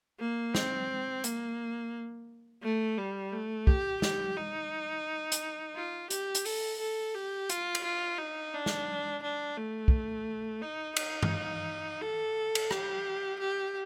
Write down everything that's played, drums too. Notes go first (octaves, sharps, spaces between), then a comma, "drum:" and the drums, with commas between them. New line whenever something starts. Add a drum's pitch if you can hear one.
A#3
C4, drum: snare
A#3, drum: hi-hat
A3
G3
A3
G4, drum: kick
G4, drum: snare
D#4
drum: hi-hat
F4
G4, drum: hi-hat
drum: hi-hat
A4, drum: open hi-hat
A4
G4
F4, drum: hi-hat
drum: cymbal
F4
D#4
D4
drum: snare
D4
A3
drum: kick
D#4
D#4, drum: cymbal
drum: tom G2
A4
drum: cymbal
G4, drum: rim click
G4